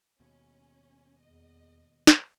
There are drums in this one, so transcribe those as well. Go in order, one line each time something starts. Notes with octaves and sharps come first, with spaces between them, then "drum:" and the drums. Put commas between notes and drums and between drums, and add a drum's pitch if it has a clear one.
D#2 B2 C#4
E2 D#5
drum: snare